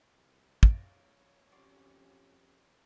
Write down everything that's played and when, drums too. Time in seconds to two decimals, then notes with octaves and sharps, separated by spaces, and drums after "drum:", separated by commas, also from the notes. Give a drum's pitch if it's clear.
0.13 C2
0.63 B1 C#5 D5 F5 A#5, drum: kick
1.52 F2 C#4 F#4 G4 D5 C6